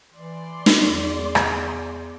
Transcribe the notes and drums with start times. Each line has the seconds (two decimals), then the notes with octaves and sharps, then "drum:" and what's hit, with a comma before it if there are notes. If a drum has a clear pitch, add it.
0.14 E3 D5 C6
0.66 drum: snare
0.83 E2
1.35 drum: rim click